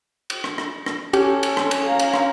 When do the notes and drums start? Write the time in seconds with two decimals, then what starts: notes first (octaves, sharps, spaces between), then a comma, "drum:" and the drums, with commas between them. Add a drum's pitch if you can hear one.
0.30 drum: cymbal
0.44 drum: rim click
0.58 drum: rim click
0.86 drum: rim click
1.13 C#4 G4 A4, drum: cymbal
1.43 drum: cymbal
1.57 drum: rim click
1.71 drum: cymbal
1.85 F5 A#5
1.99 drum: cymbal
2.14 drum: rim click